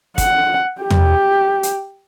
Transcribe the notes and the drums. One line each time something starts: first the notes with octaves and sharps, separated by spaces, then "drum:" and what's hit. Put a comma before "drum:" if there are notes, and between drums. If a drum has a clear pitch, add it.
F#5, drum: kick, hi-hat
G4
drum: tom
drum: hi-hat